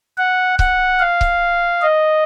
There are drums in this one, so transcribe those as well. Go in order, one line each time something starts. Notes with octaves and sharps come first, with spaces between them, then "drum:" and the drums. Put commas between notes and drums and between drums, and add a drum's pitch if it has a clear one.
F#5
F#5, drum: kick C#1
F5
drum: kick C#1
D#5